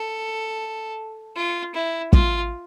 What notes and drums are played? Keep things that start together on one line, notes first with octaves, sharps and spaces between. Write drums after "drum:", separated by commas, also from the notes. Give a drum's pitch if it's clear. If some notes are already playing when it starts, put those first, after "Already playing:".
Already playing: A4
F4
E4
F4, drum: kick